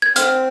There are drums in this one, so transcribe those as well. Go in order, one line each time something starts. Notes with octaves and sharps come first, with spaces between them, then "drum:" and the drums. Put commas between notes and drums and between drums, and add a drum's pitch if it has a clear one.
G#6
C4 F6, drum: hi-hat